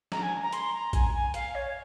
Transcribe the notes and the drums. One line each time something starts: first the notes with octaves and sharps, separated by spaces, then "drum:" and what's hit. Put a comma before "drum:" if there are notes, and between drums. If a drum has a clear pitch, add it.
A#5, drum: snare
G#5
A#5
C6, drum: hi-hat
A#5
G#5, drum: kick A#1, hi-hat
G#5
F5, drum: hi-hat
C#5